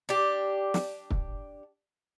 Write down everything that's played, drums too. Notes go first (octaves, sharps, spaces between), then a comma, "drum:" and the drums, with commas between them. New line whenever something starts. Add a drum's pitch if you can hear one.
D4 G4
drum: snare
drum: kick